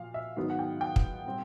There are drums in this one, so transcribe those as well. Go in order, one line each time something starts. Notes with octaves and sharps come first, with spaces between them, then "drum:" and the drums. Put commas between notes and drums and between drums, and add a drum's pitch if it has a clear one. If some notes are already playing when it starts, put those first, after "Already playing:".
Already playing: A#2 F3 F5
E5
G#2 D#3 F#3 B3 F5
F#5
G5
G5
drum: kick
A#2 G3 C4